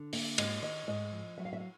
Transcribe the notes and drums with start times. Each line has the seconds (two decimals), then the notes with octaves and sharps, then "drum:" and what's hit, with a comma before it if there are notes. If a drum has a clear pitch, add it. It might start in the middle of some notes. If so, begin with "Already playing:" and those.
Already playing: D3
0.13 A#3 E5, drum: open hi-hat
0.38 G#2 D#5, drum: cymbal
0.63 D#3 D#5
0.87 G#2 D#5
1.12 F3
1.38 F#3 E5
1.45 F5
1.53 E5
1.60 F5